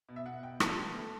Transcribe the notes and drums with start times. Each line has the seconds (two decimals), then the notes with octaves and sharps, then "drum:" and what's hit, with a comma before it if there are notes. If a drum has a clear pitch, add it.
0.09 B2
0.16 E5
0.25 B2 F#5
0.43 B2 G5
0.60 G3 A5, drum: rim click
0.78 B3
0.95 A3